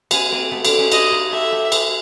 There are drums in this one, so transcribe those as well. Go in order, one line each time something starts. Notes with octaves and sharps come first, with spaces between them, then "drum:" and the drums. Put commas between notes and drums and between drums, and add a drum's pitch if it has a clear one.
B3 C#4 G#5, drum: cymbal
A#3 C4
A3 B3
C4 D4, drum: cymbal
C#4 D#4
D4 E4 D#5, drum: cymbal
D#4 F4
G4 A4 E5
G4 A4
G#4 A#4, drum: cymbal